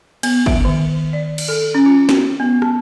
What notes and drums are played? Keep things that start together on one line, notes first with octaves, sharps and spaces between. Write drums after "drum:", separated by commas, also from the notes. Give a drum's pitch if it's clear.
B3, drum: cymbal
E5, drum: kick
D#3
D5
drum: cymbal
A4
C#4
F4
F#4, drum: snare
B3
A5, drum: rim click